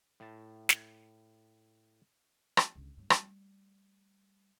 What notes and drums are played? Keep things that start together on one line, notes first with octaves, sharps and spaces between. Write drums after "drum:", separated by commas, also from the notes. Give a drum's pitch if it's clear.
A2 A5
drum: snare
drum: rim click
C#2 D3
G2 F#3
G3 A3, drum: rim click